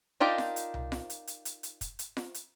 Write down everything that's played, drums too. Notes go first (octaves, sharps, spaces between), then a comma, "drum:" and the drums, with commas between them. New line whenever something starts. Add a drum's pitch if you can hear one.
D4 D#4 F4 G4 A#4
drum: snare F4
drum: hi-hat
drum: tom C2
drum: snare F4
drum: hi-hat
drum: hi-hat
drum: hi-hat
drum: hi-hat
drum: kick, hi-hat
drum: hi-hat
drum: snare F4
drum: hi-hat